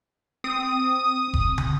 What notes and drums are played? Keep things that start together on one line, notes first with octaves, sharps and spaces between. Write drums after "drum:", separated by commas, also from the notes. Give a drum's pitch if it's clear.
C4 D#6
drum: kick F1
drum: tom